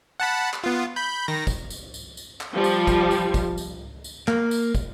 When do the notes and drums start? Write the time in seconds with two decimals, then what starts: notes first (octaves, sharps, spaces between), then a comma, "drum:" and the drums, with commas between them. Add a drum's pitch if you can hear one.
0.20 F#5 A5 B5
0.53 drum: clap
0.64 B3 F4
0.96 B5 G6
1.28 D#3 A#6
1.47 drum: kick, tambourine
1.70 drum: tambourine
1.94 drum: tambourine
2.17 drum: tambourine
2.41 drum: clap
2.54 F3 G3
2.64 drum: tambourine
2.87 drum: kick, tambourine
3.11 drum: tambourine
3.34 drum: kick, tambourine
3.58 drum: tambourine
4.04 drum: tambourine
4.28 A#3, drum: clap
4.51 drum: tambourine
4.75 drum: kick, tambourine